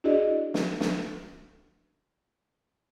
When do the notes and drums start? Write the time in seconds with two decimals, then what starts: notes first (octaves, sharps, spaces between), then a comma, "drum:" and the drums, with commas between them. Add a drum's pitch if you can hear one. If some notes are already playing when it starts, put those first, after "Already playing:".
0.04 D4 E4 F#4 G#4 D5 D#5
0.54 drum: snare
0.81 drum: snare